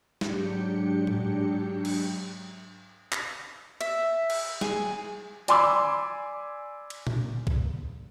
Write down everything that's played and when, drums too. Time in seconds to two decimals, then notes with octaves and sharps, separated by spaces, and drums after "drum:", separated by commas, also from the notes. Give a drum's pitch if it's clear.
0.21 G#2 F#3 D4 G4 G5 C#7, drum: snare
1.07 drum: tom A2
1.85 drum: cymbal
3.12 drum: clap
3.81 E5, drum: cymbal
4.30 drum: cymbal
4.61 G#4, drum: snare
5.48 D5 G#5 B5 C6 D6 E6, drum: hi-hat
6.90 drum: cymbal
7.07 drum: tom A#2
7.47 drum: kick